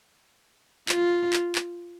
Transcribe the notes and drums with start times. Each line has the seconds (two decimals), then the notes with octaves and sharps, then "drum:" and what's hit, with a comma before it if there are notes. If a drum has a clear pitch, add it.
0.89 F4, drum: clap
1.33 drum: clap
1.55 drum: clap